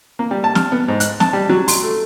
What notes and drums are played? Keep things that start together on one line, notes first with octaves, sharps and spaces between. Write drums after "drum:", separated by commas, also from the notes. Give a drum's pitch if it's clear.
A#3
G3
A5
F6, drum: snare
B3
G#2
F#6, drum: hi-hat
A5, drum: snare
G3
F#3
C6, drum: open hi-hat
A3